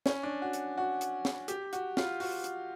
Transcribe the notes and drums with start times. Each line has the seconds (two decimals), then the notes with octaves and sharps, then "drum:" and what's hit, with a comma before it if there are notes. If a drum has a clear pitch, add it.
0.06 C#4, drum: snare
0.23 D4
0.42 F#4
0.53 drum: hi-hat
0.77 F#4
1.01 drum: hi-hat
1.25 drum: snare
1.48 G4, drum: hi-hat
1.73 F#4, drum: hi-hat
1.97 F4, drum: snare
2.20 F#4, drum: open hi-hat
2.44 drum: hi-hat